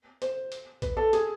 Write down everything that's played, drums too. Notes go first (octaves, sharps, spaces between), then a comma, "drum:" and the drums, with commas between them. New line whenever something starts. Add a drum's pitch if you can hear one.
C5, drum: hi-hat
drum: hi-hat
B4, drum: kick A#1, hi-hat
A4
G#4, drum: hi-hat